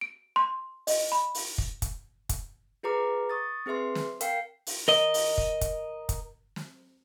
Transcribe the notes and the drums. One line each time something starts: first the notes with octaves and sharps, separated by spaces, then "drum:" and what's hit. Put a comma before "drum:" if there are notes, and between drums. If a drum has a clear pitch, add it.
D7
C6
D#5, drum: open hi-hat
B5
drum: open hi-hat
drum: kick
drum: kick, hi-hat
drum: kick, hi-hat
F4 G#4 B4 A#5 D6
C#6 D#6 A6
C4 G#4 B4 E5 C6
drum: snare
A#4 F5 G5 C7, drum: hi-hat
drum: open hi-hat
A#4 D#5
drum: open hi-hat
drum: kick
drum: kick, hi-hat
drum: kick, hi-hat
drum: snare